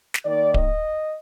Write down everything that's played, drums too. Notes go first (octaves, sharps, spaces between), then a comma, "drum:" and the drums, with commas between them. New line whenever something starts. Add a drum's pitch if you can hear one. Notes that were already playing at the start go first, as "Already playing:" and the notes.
drum: snare
D#3 A#3 D#4 D5
D#5, drum: kick D1